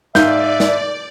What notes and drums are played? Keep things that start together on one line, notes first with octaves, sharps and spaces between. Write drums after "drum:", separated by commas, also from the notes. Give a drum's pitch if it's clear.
G#2 D5 E5 F5 G6, drum: snare
drum: snare